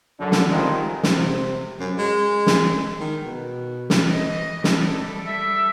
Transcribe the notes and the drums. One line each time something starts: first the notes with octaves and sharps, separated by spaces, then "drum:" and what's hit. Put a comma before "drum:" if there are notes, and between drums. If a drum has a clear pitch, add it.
F#2 D3
drum: snare
D#3 G3 G#3 C4 D#4 F4
drum: snare
C3
F#2
G#3
drum: snare
D#3
B2
drum: snare
E3 D#5
G3 A4, drum: snare
E5